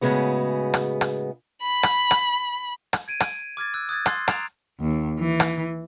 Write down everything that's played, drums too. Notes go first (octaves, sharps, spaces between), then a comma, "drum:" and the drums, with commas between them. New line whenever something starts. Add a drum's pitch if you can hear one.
A2 C#3 G#3 B3 F#4
drum: rim click
drum: rim click
B5
drum: rim click
drum: rim click
drum: rim click
G#6 D7 D#7
drum: rim click
D6 F6 G#6 A6
E6 F#6
D#6 F#6 G#6 A6
C6 F6 F#6 A6 C7, drum: rim click
A#5 A6 C7 D7 E7 F7, drum: rim click
D#2
E3
drum: rim click